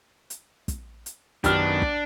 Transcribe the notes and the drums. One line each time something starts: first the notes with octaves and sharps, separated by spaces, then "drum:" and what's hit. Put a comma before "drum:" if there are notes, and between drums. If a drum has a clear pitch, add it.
drum: hi-hat
drum: kick, hi-hat
drum: hi-hat
F#2 D#3 B3 D4 G4 F6, drum: kick, hi-hat
drum: kick